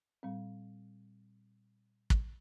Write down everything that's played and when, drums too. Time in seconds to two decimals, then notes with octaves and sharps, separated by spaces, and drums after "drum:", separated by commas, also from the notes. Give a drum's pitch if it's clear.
0.23 A#2 G3 C4
2.10 drum: kick